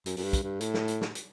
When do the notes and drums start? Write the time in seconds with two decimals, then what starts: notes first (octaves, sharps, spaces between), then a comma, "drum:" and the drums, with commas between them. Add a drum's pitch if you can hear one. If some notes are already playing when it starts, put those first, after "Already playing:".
0.06 F#2, drum: hi-hat
0.17 F#2, drum: open hi-hat
0.24 G2
0.33 drum: kick, hi-hat
0.43 G2
0.61 A2, drum: hi-hat
0.74 drum: snare
0.88 drum: hi-hat
1.01 drum: snare
1.15 drum: hi-hat